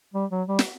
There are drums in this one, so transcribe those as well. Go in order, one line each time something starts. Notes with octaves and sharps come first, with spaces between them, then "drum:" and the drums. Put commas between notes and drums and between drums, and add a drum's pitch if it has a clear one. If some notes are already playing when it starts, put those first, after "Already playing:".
G3
F#3
G3
drum: snare